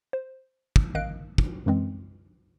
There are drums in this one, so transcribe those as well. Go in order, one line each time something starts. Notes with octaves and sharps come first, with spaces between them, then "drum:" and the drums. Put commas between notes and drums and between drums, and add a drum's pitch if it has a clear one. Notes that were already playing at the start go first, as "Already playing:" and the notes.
C5
drum: kick
A1 D#3 D#5 F5 F#6 D7
drum: kick
F#2 E3 G#3 C4